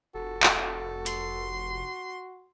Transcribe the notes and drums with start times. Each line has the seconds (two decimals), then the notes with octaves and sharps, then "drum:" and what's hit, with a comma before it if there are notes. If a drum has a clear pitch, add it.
0.15 F1 F#4 A4
0.43 drum: clap
1.06 C6, drum: hi-hat